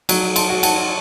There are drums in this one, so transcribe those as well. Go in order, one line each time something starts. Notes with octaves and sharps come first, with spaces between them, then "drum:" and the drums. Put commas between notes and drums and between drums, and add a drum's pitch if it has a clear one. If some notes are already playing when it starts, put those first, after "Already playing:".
F#3, drum: cymbal
A5 C6, drum: cymbal
F#4
F#5 A5, drum: cymbal